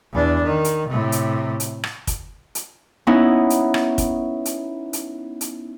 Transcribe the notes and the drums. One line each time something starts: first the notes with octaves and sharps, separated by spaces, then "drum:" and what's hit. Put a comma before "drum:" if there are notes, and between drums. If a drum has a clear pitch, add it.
E2 D4
D#3
drum: hi-hat
A2 C3
drum: hi-hat
drum: hi-hat
drum: rim click
drum: kick, hi-hat
drum: hi-hat
B3 C#4 D#4 E4
drum: hi-hat
drum: rim click
drum: kick, hi-hat
drum: hi-hat
drum: hi-hat
drum: hi-hat